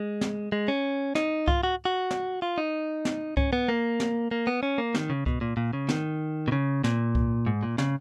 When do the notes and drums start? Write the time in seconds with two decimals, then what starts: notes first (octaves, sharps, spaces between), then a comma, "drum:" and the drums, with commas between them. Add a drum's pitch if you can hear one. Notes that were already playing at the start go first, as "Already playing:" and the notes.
Already playing: G#3
0.21 drum: snare
0.52 G#3
0.68 C#4
1.15 D#4, drum: snare
1.48 F4, drum: kick C2
1.63 F#4
1.85 F#4
2.11 drum: snare
2.42 F4
2.58 D#4
3.05 drum: snare
3.37 C#4, drum: kick C2
3.53 B3
3.69 A#3
4.00 drum: snare
4.31 A#3
4.47 B3
4.63 C#4
4.78 A#3
4.95 D#3, drum: snare
5.10 C#3
5.26 B2, drum: kick C2
5.41 A#2
5.57 A#2
5.73 C#3
5.89 D#3, drum: snare
6.48 B2
6.52 C#3
6.84 A#2, drum: snare
7.15 drum: kick C2
7.46 G#2
7.63 A#2
7.78 C#3, drum: snare